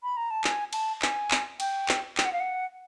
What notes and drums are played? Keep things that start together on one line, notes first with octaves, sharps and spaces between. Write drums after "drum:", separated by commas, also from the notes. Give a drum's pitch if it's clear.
B5
A#5
A5
G#5, drum: clap
A5, drum: cymbal
G#5, drum: clap
drum: clap
G5, drum: cymbal
drum: clap
G5, drum: clap
F#5
F5
F#5